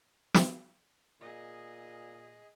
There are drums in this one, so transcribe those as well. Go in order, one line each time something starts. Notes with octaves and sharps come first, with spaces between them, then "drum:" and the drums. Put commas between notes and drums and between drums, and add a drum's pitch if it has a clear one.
drum: snare
A#2 G#4 D#5